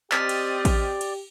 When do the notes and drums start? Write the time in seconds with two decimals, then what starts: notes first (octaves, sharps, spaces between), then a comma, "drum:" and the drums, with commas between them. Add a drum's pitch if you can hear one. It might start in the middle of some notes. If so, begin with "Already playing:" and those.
0.11 C4 G4 D5 D#5 F6 A6 B6, drum: clap
0.29 drum: cymbal
0.65 drum: kick A1, cymbal
1.01 drum: cymbal